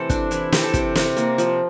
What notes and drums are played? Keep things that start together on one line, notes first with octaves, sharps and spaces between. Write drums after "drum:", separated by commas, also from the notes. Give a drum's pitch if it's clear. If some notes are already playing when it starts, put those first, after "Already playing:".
Already playing: C3 E3 A3 A4 C5
C4 D4, drum: kick, hi-hat
E3 E4, drum: hi-hat
C4 G4, drum: snare
A4
C3 G4, drum: kick, hi-hat
C3, drum: snare
A#3, drum: hi-hat
F3, drum: hi-hat